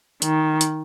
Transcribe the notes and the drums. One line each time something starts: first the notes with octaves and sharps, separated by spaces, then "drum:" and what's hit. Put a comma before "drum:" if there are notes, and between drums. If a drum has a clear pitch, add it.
D#3, drum: hi-hat
drum: hi-hat